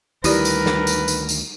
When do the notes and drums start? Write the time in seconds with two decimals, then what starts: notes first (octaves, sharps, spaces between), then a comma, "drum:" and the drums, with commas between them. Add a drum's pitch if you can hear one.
0.24 D2 D#3 G3 E4 G4 A#4 B4 D5, drum: tambourine
0.45 drum: tambourine
0.66 drum: snare
0.87 drum: tambourine
1.08 drum: tambourine
1.29 drum: tambourine